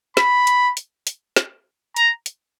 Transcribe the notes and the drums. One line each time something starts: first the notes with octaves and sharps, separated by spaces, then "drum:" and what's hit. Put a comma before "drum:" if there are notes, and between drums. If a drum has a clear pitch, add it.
B5, drum: snare
drum: hi-hat
drum: hi-hat
drum: hi-hat
drum: snare
A#5, drum: hi-hat
drum: hi-hat